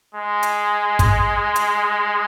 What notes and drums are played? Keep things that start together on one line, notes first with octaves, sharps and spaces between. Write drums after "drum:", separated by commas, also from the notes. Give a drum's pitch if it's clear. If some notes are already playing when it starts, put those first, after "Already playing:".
G#3
drum: hi-hat
drum: kick, hi-hat
drum: hi-hat